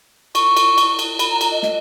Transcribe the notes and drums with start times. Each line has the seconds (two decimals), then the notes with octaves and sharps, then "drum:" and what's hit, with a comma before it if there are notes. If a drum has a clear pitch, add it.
0.35 C#6, drum: cymbal
0.57 drum: cymbal
0.78 drum: cymbal
0.99 drum: cymbal
1.19 B5, drum: cymbal
1.31 A#5
1.41 A#5, drum: cymbal
1.51 D#5
1.63 D#5, drum: snare